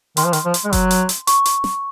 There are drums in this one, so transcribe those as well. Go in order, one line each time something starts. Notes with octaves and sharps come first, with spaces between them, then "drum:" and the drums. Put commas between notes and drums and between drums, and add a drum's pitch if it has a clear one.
D#3 C6, drum: hi-hat
F3
D#3, drum: hi-hat
F3
drum: hi-hat
G#3
F#3, drum: kick F#1, hi-hat
drum: hi-hat
drum: hi-hat
C#6, drum: hi-hat
drum: hi-hat
drum: snare